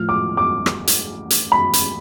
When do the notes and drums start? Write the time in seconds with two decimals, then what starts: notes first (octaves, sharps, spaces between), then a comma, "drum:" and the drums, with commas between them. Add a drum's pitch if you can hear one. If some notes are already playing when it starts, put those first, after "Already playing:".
Already playing: A2 F3 F6
0.09 D6
0.37 D6
0.66 drum: rim click
0.87 drum: hi-hat
1.30 drum: hi-hat
1.52 B5
1.73 drum: hi-hat